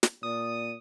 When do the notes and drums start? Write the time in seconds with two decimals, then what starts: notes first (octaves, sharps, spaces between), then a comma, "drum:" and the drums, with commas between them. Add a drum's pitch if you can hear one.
0.03 drum: snare
0.23 A#2 D5 D#6